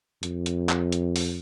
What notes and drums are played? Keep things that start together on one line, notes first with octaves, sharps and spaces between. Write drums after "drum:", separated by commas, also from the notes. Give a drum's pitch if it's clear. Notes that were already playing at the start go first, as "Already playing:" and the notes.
F2, drum: hi-hat
drum: hi-hat
drum: clap
drum: hi-hat
drum: open hi-hat